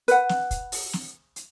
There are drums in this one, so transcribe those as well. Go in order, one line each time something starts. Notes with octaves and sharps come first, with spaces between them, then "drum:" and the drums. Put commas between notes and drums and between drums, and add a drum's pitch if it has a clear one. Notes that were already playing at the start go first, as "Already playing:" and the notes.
B4 F#5, drum: hi-hat
drum: snare
drum: kick, hi-hat
drum: open hi-hat
drum: snare
drum: hi-hat